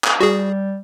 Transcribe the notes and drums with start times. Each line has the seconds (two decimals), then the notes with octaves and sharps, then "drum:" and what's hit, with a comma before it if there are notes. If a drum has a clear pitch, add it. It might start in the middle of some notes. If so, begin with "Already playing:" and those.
0.04 drum: clap
0.21 G3 F#4 G#4